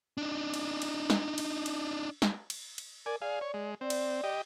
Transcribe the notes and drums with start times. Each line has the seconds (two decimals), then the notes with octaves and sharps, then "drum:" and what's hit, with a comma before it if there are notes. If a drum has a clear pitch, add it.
0.17 D4 D#4
0.54 drum: cymbal
0.82 drum: cymbal
1.10 drum: snare
1.38 drum: cymbal
1.66 drum: cymbal
2.22 drum: snare
2.50 drum: cymbal
2.78 drum: cymbal
3.06 A#4 D5 G#5
3.22 G#4 D5 F5
3.41 C#5
3.54 G#3
3.81 C4 D5
3.90 drum: cymbal
4.24 G4 D#5